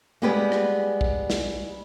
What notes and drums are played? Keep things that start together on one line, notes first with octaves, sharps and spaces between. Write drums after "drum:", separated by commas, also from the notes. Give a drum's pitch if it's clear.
G3 G#3 B3 G4 G#4 B4
drum: rim click
drum: kick
drum: snare